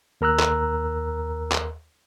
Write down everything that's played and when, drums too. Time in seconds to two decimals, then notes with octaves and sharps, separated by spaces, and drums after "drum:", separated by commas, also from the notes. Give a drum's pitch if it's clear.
0.21 D#2 A#4 A#5 E6 F#6
0.40 drum: clap
1.52 drum: clap